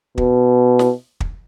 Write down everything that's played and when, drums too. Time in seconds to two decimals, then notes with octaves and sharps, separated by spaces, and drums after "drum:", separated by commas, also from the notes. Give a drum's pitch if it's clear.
0.18 B2, drum: kick
0.79 drum: snare
1.20 drum: kick